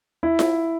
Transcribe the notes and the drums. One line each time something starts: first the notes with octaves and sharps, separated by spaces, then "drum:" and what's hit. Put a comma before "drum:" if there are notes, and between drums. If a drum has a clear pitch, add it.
E4
drum: snare F4